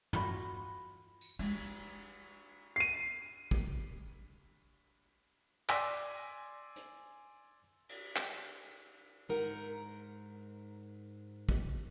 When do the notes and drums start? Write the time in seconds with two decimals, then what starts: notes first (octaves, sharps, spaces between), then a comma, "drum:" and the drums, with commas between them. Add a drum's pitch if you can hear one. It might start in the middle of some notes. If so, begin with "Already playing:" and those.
0.13 F4 F#4 B5, drum: tom
1.21 drum: tambourine
1.39 G#3, drum: cymbal
2.76 C7 D#7
3.51 drum: kick
5.69 D5 G#5 C6 E6 A#6 B6, drum: clap
6.76 drum: hi-hat
7.89 drum: cymbal
8.16 drum: clap
9.29 G#2 D#4 A#4 F#5
11.49 drum: kick